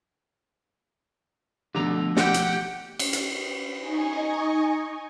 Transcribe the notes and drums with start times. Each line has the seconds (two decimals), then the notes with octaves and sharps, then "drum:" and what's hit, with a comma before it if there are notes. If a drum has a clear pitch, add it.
1.75 B2 D3 F3 A3 A#5
2.17 G4 F#5 G5, drum: snare
2.34 drum: hi-hat
2.99 drum: cymbal
3.13 drum: hi-hat
3.78 D#4 D#5 G#5 C#6